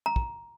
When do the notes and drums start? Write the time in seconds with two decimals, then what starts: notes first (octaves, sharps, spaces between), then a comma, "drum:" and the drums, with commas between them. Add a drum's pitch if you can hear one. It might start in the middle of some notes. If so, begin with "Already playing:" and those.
0.06 A#5
0.16 drum: kick